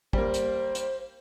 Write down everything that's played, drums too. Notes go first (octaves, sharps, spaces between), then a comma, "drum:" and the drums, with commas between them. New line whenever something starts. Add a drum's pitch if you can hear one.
G3 A#3 C5, drum: kick
drum: hi-hat
drum: hi-hat